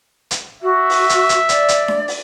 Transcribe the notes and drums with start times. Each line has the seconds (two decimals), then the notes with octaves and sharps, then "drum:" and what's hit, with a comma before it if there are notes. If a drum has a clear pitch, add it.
0.31 drum: hi-hat
0.63 F#4 E5
0.90 drum: open hi-hat
1.09 drum: hi-hat
1.29 drum: hi-hat
1.49 D5, drum: hi-hat
1.68 drum: hi-hat
1.88 drum: snare D4
2.08 drum: open hi-hat